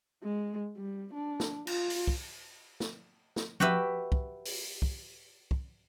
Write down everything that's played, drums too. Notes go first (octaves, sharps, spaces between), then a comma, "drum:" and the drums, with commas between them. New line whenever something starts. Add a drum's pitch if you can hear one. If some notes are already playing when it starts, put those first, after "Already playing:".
G#3
G3
D4
drum: snare
F4, drum: cymbal
drum: open hi-hat
drum: kick
drum: snare
drum: snare
F#4 G4 B4 E5, drum: tom F3
drum: kick
drum: open hi-hat
drum: kick
drum: kick